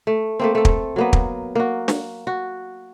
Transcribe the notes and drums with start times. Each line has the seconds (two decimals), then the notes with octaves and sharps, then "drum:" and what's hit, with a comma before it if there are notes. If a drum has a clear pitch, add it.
0.07 A3
0.39 A3 A#3 C4
0.55 A3 A4
0.65 drum: kick
0.96 F#3 A#3 B3
1.13 drum: kick
1.55 A#3 F#4
1.88 drum: snare
2.27 F#4